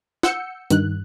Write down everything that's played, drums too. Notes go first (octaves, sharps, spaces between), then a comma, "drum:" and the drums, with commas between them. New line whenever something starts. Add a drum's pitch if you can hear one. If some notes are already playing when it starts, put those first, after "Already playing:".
F#5 E6 G6 C#7, drum: snare
G2 D#3 F#6, drum: hi-hat